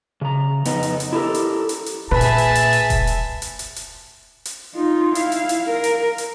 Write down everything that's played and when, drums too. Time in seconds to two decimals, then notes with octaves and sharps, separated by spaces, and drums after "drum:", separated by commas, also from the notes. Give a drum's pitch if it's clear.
0.21 C#3 A#5
0.65 F2 B3 D#4, drum: hi-hat
0.83 drum: hi-hat
1.00 drum: hi-hat
1.13 E4 G4 A4 A#4
1.35 drum: hi-hat
1.69 drum: hi-hat
1.86 drum: hi-hat
2.11 A#2 G#4 B4 E5 G#5 A5
2.21 drum: hi-hat
2.38 drum: hi-hat
2.55 drum: hi-hat
2.73 drum: hi-hat
2.90 drum: kick E1, hi-hat
3.07 drum: hi-hat
3.42 drum: hi-hat
3.59 drum: hi-hat
3.76 drum: hi-hat
4.45 drum: hi-hat
4.75 D#4 F4
5.15 E4 F5, drum: hi-hat
5.32 drum: hi-hat
5.49 drum: hi-hat
5.70 A#4
5.84 drum: hi-hat
6.18 drum: hi-hat